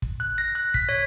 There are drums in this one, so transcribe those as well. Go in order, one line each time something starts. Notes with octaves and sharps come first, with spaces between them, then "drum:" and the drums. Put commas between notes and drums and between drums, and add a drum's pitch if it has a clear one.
drum: kick
F#6
A#6
F#6
B6, drum: kick
C#5